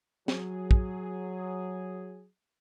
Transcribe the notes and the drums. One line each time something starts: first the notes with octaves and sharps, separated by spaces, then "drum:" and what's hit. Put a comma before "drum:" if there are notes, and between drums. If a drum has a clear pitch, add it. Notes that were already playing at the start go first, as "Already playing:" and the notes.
F#3 G#4, drum: snare
drum: kick